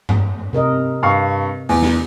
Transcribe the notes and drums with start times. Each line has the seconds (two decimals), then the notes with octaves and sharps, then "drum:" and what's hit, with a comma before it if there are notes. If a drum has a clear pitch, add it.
0.09 drum: tom G2
0.53 C3 A#4 D#5
1.03 G2 F5 C#6
1.69 E2, drum: open hi-hat
1.82 drum: snare